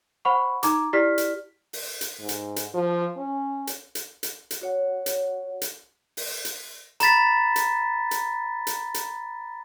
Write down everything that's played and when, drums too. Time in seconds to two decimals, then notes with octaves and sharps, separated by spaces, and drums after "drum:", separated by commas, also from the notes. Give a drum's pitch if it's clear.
0.25 C5 F#5 B5 C#6
0.63 D#4 A#5 D6, drum: hi-hat
0.93 E4 G4 D5 F6 B6
1.18 drum: hi-hat
1.73 drum: open hi-hat
2.01 drum: hi-hat
2.19 G#2
2.29 drum: hi-hat
2.56 drum: hi-hat
2.74 F3
3.17 C#4
3.67 drum: hi-hat
3.95 drum: hi-hat
4.23 drum: hi-hat
4.51 drum: hi-hat
4.62 F#4 C#5 F#5
5.06 drum: hi-hat
5.62 drum: hi-hat
6.17 drum: open hi-hat
6.45 drum: hi-hat
7.00 A#5 B5 A6 B6, drum: hi-hat
7.56 drum: hi-hat
8.11 drum: hi-hat
8.67 drum: hi-hat
8.94 drum: hi-hat